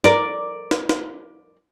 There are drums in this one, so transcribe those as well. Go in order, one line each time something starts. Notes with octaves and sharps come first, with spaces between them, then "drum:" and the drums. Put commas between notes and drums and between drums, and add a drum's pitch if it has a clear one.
A#4 D5, drum: snare
drum: snare
drum: snare